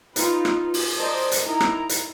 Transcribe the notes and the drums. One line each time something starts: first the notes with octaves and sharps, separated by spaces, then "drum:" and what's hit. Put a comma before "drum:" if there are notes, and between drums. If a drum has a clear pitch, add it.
D#4 F4 B4, drum: hi-hat
drum: rim click
drum: open hi-hat
A#4 C5 D5 D#5 A5
drum: hi-hat
D#4 E4 A#4 A#5
drum: rim click
drum: hi-hat